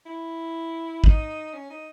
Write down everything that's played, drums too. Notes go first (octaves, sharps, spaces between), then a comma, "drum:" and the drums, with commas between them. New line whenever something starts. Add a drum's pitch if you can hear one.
E4
D#4, drum: kick
C#4
D#4